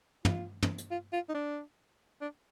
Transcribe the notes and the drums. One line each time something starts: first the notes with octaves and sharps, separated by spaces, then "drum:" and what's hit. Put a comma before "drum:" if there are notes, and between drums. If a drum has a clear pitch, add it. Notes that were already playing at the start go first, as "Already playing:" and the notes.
F4, drum: tom
drum: tom
drum: hi-hat
F4
F4
D#4
D4
D4